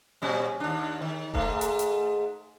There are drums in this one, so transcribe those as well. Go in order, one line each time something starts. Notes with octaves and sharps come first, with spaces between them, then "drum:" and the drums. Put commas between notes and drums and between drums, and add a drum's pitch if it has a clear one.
A#2 G3 C#4
D#2 D4
D#3
G#2 A3, drum: kick E1
drum: hi-hat
drum: hi-hat